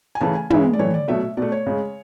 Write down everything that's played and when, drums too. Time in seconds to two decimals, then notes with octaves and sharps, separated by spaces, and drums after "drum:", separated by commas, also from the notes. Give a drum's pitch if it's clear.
0.15 G#5
0.21 C#3 E3 A3 A5
0.35 G#5
0.50 C#3 E3 G#3 E5, drum: tom
0.73 D5
0.79 A2 E3 A3 C#5
0.94 D5
1.08 B2 F#3 A3 E5
1.37 B2 A3 D5
1.52 C#5
1.67 C#3 G#3